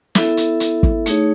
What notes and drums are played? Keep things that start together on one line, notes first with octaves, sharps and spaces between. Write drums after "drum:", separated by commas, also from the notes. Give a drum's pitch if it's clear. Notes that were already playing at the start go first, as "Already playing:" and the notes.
B3 E4 A4 E5, drum: snare
drum: hi-hat
drum: hi-hat
drum: kick
A3 D#4 G#4 C#5, drum: hi-hat